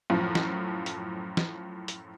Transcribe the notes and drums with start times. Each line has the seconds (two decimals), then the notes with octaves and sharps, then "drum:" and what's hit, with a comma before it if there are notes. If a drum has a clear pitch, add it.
0.10 F#2 A2 F3
0.35 drum: snare
0.86 drum: hi-hat
1.37 drum: snare
1.88 drum: hi-hat